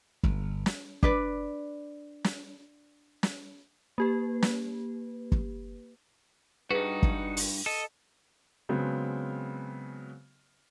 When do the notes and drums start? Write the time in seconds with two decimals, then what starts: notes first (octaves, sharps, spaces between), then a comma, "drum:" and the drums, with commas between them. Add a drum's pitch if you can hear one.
0.23 G1, drum: kick
0.66 drum: snare
1.03 D4 B4 D5, drum: kick
2.24 drum: snare
3.23 drum: snare
3.98 A#3 G4 B4
4.42 drum: snare
5.32 drum: kick
6.71 G2 D#4 F#4 G#4 B4
7.03 drum: kick
7.37 drum: open hi-hat
7.66 A4 D#5
8.69 C#3 F#3 G#3 B3 C4